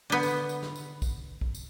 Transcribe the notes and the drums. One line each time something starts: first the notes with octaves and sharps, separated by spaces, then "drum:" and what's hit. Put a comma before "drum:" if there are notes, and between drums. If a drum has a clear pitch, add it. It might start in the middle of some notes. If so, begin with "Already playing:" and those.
D3 B3
drum: tambourine
drum: tambourine
drum: snare
drum: tambourine
drum: kick, tambourine
drum: kick
drum: tambourine